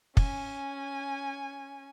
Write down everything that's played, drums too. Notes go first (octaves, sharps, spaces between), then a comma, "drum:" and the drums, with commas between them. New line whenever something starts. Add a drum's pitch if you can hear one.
C#4 G#5, drum: kick